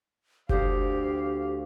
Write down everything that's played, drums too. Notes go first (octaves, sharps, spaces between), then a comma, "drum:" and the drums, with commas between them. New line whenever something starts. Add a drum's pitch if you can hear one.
D2 G4 C5 F5, drum: kick F#1